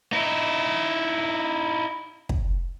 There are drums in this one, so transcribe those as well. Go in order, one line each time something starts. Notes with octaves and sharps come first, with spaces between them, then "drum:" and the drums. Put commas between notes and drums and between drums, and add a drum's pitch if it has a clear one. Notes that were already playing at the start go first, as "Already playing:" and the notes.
D#4 E4
drum: kick